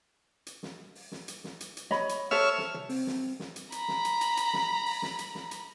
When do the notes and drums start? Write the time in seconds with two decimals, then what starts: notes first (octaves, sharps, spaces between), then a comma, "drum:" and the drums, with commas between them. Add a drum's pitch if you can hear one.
0.47 drum: hi-hat
0.63 drum: snare
0.95 drum: open hi-hat
1.12 drum: snare
1.28 drum: hi-hat
1.44 drum: snare
1.60 drum: hi-hat
1.77 drum: hi-hat
1.91 C#5 D#5 B5, drum: snare
2.09 drum: hi-hat
2.31 A4 C5 C#5 E5 E6 F6
2.58 drum: snare
2.74 drum: tom
2.89 C4, drum: open hi-hat
3.07 drum: snare
3.40 drum: snare
3.56 drum: hi-hat
3.72 A#5 B5, drum: hi-hat
3.88 drum: snare
4.05 drum: hi-hat
4.21 drum: hi-hat
4.37 drum: hi-hat
4.53 drum: snare
4.86 drum: open hi-hat
5.02 drum: snare
5.19 drum: hi-hat
5.35 drum: snare
5.51 drum: hi-hat